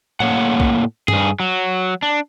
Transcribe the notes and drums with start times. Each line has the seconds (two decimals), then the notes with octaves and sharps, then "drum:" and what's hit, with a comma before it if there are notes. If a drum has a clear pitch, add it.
0.20 A2 A#3 C#5 F#5, drum: tom A2
0.60 drum: kick B1
1.08 G2 G#4, drum: tom G2
1.40 F#3
2.03 D4